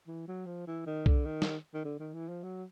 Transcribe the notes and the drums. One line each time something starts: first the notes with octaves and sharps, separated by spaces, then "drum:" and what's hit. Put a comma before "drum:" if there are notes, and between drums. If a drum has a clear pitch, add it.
E3
F#3
F3
E3
D#3
D3, drum: kick B1
D#3
drum: snare
D#3
D3
D#3
E3
F3
F#3